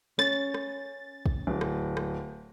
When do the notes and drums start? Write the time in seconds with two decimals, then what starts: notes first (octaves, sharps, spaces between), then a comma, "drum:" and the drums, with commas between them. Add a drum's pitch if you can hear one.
0.19 C#4 A6, drum: rim click
0.54 drum: rim click
1.26 drum: kick
1.47 D1
1.61 drum: rim click
1.97 drum: rim click